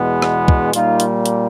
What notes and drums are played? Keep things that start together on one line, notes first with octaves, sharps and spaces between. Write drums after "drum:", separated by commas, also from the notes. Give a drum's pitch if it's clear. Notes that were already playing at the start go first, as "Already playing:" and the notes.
Already playing: E2 B2 G#3 B3
drum: rim click
drum: kick
A#2 G3 A#3 D#4 F4, drum: hi-hat
drum: hi-hat
drum: hi-hat